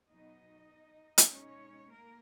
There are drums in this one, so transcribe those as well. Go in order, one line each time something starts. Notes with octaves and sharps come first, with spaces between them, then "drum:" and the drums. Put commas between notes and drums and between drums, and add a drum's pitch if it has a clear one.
B2 F#3 B3 D#4 D#5
drum: hi-hat
B2 G#3 C#4 D#4 C#5
A#3 A#4